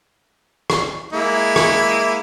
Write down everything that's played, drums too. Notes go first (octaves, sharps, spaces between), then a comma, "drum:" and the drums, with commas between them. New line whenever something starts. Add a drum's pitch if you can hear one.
drum: rim click
G#3 A#3 E4
drum: rim click